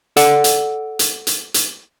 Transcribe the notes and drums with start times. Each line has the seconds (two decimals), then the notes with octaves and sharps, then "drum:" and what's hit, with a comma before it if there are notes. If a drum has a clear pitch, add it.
0.17 A4 D5 F#5, drum: hi-hat
0.44 drum: hi-hat
0.99 drum: hi-hat
1.27 drum: hi-hat
1.54 drum: hi-hat